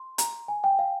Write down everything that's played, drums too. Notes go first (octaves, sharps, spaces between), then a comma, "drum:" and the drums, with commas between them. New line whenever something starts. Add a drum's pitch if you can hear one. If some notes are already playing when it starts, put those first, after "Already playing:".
Already playing: C6
A#5, drum: hi-hat
G#5
G5
F5